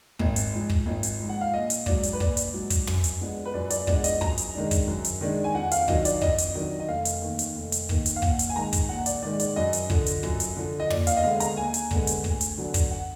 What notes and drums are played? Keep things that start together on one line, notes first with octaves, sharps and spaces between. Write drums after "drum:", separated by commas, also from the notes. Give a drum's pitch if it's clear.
G#1, drum: kick
drum: hi-hat
G#2 F3
drum: kick
G#1
drum: hi-hat
G#2 F3
F#5
F5
A#1 D#5
drum: hi-hat
G#2 F#3 D5, drum: kick
drum: hi-hat
B4
A#1 D5, drum: kick
drum: hi-hat
G#2 F#3
drum: kick, hi-hat
F#2, drum: tom
drum: hi-hat
F3 G#3 B3 D4
B4
F#2 D5
D5, drum: hi-hat
F3 G#3 B3 D4 D5, drum: kick
D#5, drum: hi-hat
F#2 A#5, drum: kick
drum: hi-hat
D#3 G#3 D4
drum: kick, hi-hat
F#2
drum: hi-hat
D#3 G#3 D4
G#5
F2 F#5
F5, drum: hi-hat
D#3 F#3 D4 D#5, drum: kick
D5, drum: hi-hat
F2 D#5, drum: kick
drum: hi-hat
D#3 F#3 D4
D#5
F1 F5
drum: hi-hat
D#2 D#3
drum: hi-hat
F1
drum: hi-hat
D#2 D#3, drum: kick
drum: hi-hat
F5
A#1 F#5, drum: kick
drum: hi-hat
G#5
G#2 D#3 G#3 A#5
drum: kick, hi-hat
A#1 F#5
D5, drum: hi-hat
G#2 D#3 G#3 D5
D5, drum: hi-hat
F#2 D#5
drum: hi-hat
D3 F3, drum: kick
drum: hi-hat
F#2, drum: kick
drum: hi-hat
D3 F3
D#5
D#2 D5, drum: tom
F5, drum: hi-hat
D#5
D3 G#3 B3 F5
A#5, drum: hi-hat
D#2 G#5
drum: hi-hat
D3 G#3 B3, drum: kick
drum: hi-hat
D2, drum: kick
drum: hi-hat
D3 F#3 B3 D4
drum: kick, hi-hat
F#5